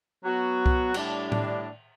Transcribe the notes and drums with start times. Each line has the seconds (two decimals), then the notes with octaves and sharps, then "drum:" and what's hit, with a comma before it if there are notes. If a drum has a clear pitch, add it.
0.22 F#3 B3 F#4
0.66 drum: kick C2
0.94 A2 G3 D4, drum: cymbal
1.32 drum: tom A2